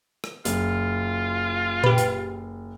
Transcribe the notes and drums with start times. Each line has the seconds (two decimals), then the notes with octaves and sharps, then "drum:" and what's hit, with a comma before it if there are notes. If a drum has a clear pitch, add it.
0.24 drum: rim click
0.45 F#1 F4, drum: hi-hat
1.84 G4 B4, drum: tom A#2
1.98 drum: hi-hat